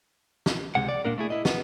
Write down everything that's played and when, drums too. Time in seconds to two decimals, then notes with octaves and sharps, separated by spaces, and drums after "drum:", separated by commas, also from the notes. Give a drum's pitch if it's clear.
0.46 drum: snare
0.75 C#2 C3 G#3 F#5
0.89 D5
1.05 A#2 C#3 A#3 D4 A#4
1.18 A3 E4 G#4
1.30 E4 D#5
1.45 B3, drum: snare